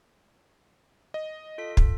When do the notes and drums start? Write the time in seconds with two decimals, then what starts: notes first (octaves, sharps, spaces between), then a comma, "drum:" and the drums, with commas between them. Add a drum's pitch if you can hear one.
1.14 D#5
1.58 F4 A4 B6
1.77 drum: kick